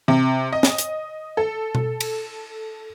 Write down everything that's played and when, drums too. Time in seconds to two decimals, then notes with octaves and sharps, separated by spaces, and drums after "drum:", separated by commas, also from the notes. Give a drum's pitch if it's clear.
0.08 C3
0.53 D#5
0.63 drum: snare
0.78 drum: hi-hat
1.37 A4
1.75 drum: tom B2
2.00 drum: cymbal